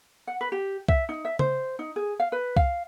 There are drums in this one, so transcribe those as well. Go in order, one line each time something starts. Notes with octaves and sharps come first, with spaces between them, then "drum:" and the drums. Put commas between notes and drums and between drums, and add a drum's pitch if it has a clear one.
F#5
B4
G4
E5, drum: kick C2
D#4
E5
C5, drum: tom C#3
D#4
G#4
F5
B4
F5, drum: kick C2